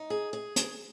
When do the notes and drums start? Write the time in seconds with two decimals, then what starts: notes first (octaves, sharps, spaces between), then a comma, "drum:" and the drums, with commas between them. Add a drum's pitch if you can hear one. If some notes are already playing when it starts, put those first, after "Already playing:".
Already playing: D#4
0.10 G#4
0.33 G#4
0.56 drum: hi-hat